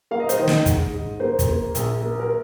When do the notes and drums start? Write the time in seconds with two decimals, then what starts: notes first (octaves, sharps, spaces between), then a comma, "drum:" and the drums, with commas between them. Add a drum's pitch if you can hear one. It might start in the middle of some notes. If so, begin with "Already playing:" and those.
0.11 A#3 F5
0.20 D#5
0.29 C5, drum: hi-hat
0.38 D#3 D#5
0.47 drum: snare
0.66 G#2, drum: kick, hi-hat
0.94 G#2
1.20 A#3 C5
1.39 drum: kick, hi-hat
1.48 A#3
1.75 A#1, drum: hi-hat
2.02 A#3
2.20 A#4